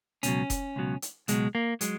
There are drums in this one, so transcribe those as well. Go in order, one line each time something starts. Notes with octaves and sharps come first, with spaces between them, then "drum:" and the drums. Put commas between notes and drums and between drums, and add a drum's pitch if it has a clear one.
C#2 B2 F#3 C#4, drum: hi-hat
drum: kick F1, hi-hat
C#2 B2 F#3
drum: hi-hat
C#2 B2 F#3 G#3, drum: hi-hat
A#3
F#3 G#3, drum: hi-hat